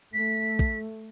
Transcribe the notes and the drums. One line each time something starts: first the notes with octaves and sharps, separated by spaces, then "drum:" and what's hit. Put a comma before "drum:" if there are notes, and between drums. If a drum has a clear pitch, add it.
A3 B6
drum: kick